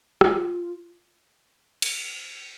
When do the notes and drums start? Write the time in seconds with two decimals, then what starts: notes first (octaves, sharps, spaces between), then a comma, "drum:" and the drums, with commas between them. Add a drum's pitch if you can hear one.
0.21 F4, drum: rim click
1.82 drum: cymbal